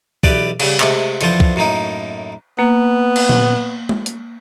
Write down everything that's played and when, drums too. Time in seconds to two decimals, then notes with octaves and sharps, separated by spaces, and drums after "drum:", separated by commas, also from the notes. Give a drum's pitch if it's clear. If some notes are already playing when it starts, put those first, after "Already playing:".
0.23 B1 E3 G4 B4 D5, drum: kick
0.60 C#3 G3, drum: cymbal
0.80 C3 G#3 A3, drum: clap
1.21 F2 D3 E3 F3 F4 C5, drum: hi-hat
1.40 drum: kick
1.56 F#2 A2 A#3 D#4
2.59 A#3 B3
3.16 drum: cymbal
3.29 drum: tom A#2
3.89 drum: tom G#3
4.06 drum: hi-hat